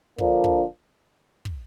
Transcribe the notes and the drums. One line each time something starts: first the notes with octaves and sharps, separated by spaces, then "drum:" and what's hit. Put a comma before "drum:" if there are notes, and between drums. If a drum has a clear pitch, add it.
D3 F3 A#3 D4, drum: kick
drum: kick
drum: kick